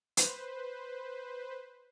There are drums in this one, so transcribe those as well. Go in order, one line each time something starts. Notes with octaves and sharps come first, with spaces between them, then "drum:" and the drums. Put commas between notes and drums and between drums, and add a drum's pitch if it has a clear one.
B4 C5, drum: hi-hat